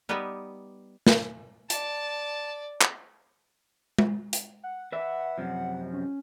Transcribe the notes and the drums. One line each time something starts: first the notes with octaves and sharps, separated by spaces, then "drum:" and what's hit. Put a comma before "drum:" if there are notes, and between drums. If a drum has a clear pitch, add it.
G3 B3 D#4 G4 D5 E5
drum: snare
D5 A5, drum: hi-hat
drum: clap
drum: tom G#3
drum: hi-hat
F#5
B4 E5 F#5
F#2 C3 F3
C#4